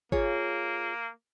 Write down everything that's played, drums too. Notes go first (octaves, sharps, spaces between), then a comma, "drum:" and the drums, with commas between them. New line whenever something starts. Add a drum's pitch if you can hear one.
A#3 F4 G#4 C#5, drum: kick